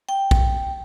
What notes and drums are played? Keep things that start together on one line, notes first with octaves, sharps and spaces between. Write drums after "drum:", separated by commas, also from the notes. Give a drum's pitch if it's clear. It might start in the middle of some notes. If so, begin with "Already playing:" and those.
G5
drum: kick